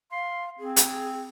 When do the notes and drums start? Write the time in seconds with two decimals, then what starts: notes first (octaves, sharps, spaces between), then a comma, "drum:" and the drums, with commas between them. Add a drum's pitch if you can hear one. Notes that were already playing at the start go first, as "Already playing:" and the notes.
0.12 F5 C6
0.59 C4 G#4
0.76 drum: hi-hat